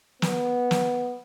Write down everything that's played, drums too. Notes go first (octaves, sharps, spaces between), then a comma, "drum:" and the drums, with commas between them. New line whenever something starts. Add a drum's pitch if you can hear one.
B3, drum: snare
drum: snare